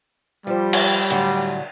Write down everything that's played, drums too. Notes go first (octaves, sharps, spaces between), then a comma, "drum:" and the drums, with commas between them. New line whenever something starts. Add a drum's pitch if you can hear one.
F3 G3 C5
drum: cymbal
A2 D3 F#3, drum: hi-hat